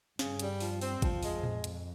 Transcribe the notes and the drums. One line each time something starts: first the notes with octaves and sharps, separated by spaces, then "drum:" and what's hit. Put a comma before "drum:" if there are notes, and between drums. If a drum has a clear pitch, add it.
G2 C#3, drum: snare
G3, drum: hi-hat
F3, drum: open hi-hat
C4, drum: open hi-hat
F2 F3, drum: kick, hi-hat
G#3, drum: open hi-hat
drum: tom A2
drum: hi-hat